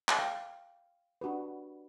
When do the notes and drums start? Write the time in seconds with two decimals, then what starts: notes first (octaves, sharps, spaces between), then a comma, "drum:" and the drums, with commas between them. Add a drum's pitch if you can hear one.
0.09 drum: clap
0.19 F5 G5
1.21 D4 F#4 G4 B4